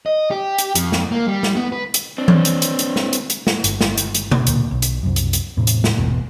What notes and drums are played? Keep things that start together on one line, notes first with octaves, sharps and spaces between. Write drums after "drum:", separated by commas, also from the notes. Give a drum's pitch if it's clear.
D#5
G4
drum: hi-hat
F2, drum: hi-hat
drum: snare
A#3
G3
drum: snare
B3
B4
drum: hi-hat
C4 D4
drum: tom E3
drum: hi-hat
drum: hi-hat
drum: hi-hat
drum: snare
drum: hi-hat
drum: hi-hat
drum: snare
G1, drum: hi-hat
drum: snare
drum: hi-hat
drum: hi-hat
drum: tom B2
D2 A#2, drum: hi-hat
B1
drum: hi-hat
C2 F#2
drum: hi-hat
drum: hi-hat
E2 A2 C3
drum: hi-hat
drum: snare
G#1 E2 B2